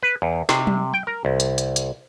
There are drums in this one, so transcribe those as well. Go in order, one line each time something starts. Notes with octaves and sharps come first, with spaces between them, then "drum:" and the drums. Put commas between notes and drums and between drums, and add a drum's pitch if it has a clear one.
B4
E2
C3, drum: snare
drum: tom F#3
G5
A#4
C2
drum: hi-hat
drum: hi-hat
drum: hi-hat